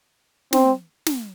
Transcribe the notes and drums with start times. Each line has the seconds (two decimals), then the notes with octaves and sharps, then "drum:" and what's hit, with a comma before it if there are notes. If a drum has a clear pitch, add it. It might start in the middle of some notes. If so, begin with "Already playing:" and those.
0.53 C4, drum: snare
1.06 drum: snare